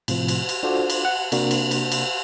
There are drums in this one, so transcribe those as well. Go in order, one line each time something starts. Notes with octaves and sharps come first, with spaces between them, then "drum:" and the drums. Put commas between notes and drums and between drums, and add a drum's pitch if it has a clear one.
A2 C3 F3, drum: cymbal
drum: cymbal
drum: cymbal
D4 F4 F#4 A4 C5 D5
drum: cymbal
F#5
C3 A#3 D4 F#4 A#4, drum: cymbal
drum: cymbal
drum: cymbal
drum: cymbal